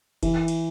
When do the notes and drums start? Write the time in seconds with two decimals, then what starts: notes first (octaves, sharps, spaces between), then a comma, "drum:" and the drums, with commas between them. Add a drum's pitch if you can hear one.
0.23 E3, drum: kick F1, cymbal
0.48 drum: cymbal